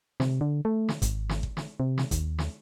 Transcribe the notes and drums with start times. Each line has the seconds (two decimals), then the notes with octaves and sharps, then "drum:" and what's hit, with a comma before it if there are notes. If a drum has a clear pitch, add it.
0.20 C3, drum: snare
0.41 D3
0.65 A3
0.89 drum: snare
1.02 G#1, drum: kick G1, hi-hat
1.29 drum: snare
1.43 drum: kick G1
1.57 drum: snare
1.80 C3
1.98 drum: snare
2.11 D#2, drum: kick G1, hi-hat
2.39 drum: snare